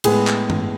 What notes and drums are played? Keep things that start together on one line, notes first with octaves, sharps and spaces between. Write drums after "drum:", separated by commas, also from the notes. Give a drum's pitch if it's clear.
A2 G#3 B3 G#4, drum: cymbal
drum: clap
drum: tom